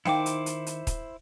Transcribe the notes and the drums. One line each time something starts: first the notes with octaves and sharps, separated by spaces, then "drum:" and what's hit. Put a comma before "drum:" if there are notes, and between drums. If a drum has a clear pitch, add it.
D#3 D#4 E4 C5 F5 G5 D6 C#7, drum: snare
drum: hi-hat
drum: hi-hat
drum: hi-hat
drum: kick D#1, hi-hat